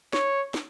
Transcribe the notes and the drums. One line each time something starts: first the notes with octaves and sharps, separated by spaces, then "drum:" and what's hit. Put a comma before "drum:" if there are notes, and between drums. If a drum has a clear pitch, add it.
C#5, drum: snare
drum: snare